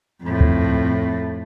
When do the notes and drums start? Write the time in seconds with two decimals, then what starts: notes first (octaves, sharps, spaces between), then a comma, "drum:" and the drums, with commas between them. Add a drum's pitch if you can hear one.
0.22 F2 A2
0.41 drum: kick